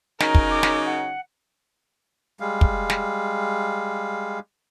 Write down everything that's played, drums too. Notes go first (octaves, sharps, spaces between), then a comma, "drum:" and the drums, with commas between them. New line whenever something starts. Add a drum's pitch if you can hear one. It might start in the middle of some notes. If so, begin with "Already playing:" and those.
C#3 F#3 D#4 A#4 A#5, drum: snare
drum: kick
D6
drum: snare
F#5
G3 G#3 F5
drum: kick
drum: snare